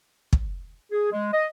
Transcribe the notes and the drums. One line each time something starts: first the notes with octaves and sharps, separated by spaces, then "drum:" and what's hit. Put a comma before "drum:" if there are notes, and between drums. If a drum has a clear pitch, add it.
drum: kick
G#4
G#3
D#5